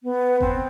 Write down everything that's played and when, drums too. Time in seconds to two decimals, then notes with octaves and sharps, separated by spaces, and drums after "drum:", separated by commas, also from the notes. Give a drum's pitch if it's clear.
0.03 B3
0.41 C4, drum: kick F#1